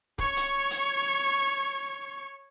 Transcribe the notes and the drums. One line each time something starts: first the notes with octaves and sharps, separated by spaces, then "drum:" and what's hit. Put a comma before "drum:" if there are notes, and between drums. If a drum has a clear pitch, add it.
C#5 C#6, drum: kick C#1
drum: hi-hat
drum: hi-hat